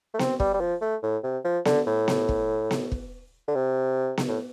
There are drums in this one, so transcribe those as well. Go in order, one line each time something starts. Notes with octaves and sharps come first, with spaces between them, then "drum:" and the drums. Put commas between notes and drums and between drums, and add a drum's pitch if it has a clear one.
A3
C4, drum: snare B3
G3, drum: kick
G3
F3
A3
A2
C3
F3
D3, drum: snare B3
A2
drum: snare B3
drum: kick
drum: snare B3
drum: kick
D3
C3
drum: snare B3
A2